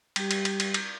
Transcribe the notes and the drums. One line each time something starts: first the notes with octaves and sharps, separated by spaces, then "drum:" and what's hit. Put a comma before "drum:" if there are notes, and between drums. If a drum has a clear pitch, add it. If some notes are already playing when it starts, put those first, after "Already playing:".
G3 G4, drum: cymbal
drum: cymbal
drum: cymbal
drum: cymbal
drum: cymbal